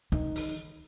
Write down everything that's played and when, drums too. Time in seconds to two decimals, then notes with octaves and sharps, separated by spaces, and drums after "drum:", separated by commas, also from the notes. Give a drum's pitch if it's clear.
0.12 D#3, drum: kick
0.36 drum: open hi-hat